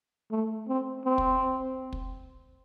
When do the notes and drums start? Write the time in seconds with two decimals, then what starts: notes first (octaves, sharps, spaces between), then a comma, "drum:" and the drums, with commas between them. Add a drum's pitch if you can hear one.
0.31 A3
0.68 C4
1.05 C4
1.18 drum: kick
1.93 drum: kick